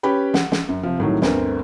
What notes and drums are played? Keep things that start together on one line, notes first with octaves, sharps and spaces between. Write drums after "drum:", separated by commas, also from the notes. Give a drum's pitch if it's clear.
C#4 G4 B4 G5 B5
F#5, drum: snare
drum: snare
F#2
C3 F3
C2 A2 D#3 F#3
G1 D2 C4 A#4, drum: snare